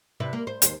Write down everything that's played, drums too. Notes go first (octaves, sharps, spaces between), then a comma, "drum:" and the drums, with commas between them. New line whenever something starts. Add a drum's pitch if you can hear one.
C3 E4 B4
A#3
C5
D#2 G4 C5, drum: hi-hat